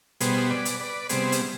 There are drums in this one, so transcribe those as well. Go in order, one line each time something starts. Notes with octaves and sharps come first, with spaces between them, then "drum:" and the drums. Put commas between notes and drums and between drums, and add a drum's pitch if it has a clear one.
B2 G3 B3 G#4 C5, drum: hi-hat
B4 D5
drum: hi-hat
B4 D5
C3 G3 B3 G#4 C5, drum: hi-hat
drum: hi-hat